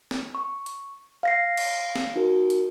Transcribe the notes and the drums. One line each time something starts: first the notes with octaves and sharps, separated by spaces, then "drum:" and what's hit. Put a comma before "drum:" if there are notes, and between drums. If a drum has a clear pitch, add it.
drum: snare
C#6
drum: hi-hat
F5 A#6 C7
drum: cymbal
drum: snare
D#4 F#4 A#4
drum: hi-hat